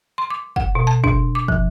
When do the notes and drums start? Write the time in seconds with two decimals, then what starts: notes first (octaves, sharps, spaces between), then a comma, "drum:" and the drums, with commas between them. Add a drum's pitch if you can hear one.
0.18 C6
0.30 D6
0.56 F#5, drum: kick
0.75 B2
0.87 A5
1.04 D4, drum: kick
1.35 D6
1.48 F3, drum: kick